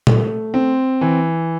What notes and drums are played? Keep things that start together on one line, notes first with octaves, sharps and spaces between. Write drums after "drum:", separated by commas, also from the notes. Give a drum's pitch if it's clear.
A3, drum: tom A#2
C4
E3